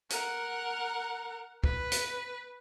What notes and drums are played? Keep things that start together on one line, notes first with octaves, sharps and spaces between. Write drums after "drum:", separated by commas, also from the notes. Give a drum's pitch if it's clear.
A#4 F#5, drum: hi-hat
B4, drum: kick
drum: hi-hat